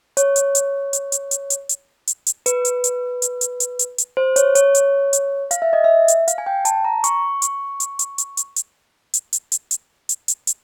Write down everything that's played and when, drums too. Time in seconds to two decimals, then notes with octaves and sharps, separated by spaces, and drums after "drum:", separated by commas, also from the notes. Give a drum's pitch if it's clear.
0.17 C#5, drum: hi-hat
0.36 drum: hi-hat
0.55 drum: hi-hat
0.93 drum: hi-hat
1.12 drum: hi-hat
1.31 drum: hi-hat
1.50 drum: hi-hat
1.69 drum: hi-hat
2.07 drum: hi-hat
2.27 drum: hi-hat
2.46 B4, drum: hi-hat
2.65 drum: hi-hat
2.84 drum: hi-hat
3.22 drum: hi-hat
3.41 drum: hi-hat
3.60 drum: hi-hat
3.79 drum: hi-hat
3.98 drum: hi-hat
4.17 C5
4.36 C#5, drum: hi-hat
4.55 C#5, drum: hi-hat
4.75 drum: hi-hat
5.13 drum: hi-hat
5.51 F5, drum: hi-hat
5.62 E5
5.73 D#5
5.84 E5
6.08 drum: hi-hat
6.28 F5, drum: hi-hat
6.38 G#5
6.46 G5
6.65 A5, drum: hi-hat
6.85 A#5
7.04 C#6, drum: hi-hat
7.42 drum: hi-hat
7.80 drum: hi-hat
7.99 drum: hi-hat
8.18 drum: hi-hat
8.37 drum: hi-hat
8.56 drum: hi-hat
9.14 drum: hi-hat
9.33 drum: hi-hat
9.52 drum: hi-hat
9.71 drum: hi-hat
10.09 drum: hi-hat
10.28 drum: hi-hat
10.47 drum: hi-hat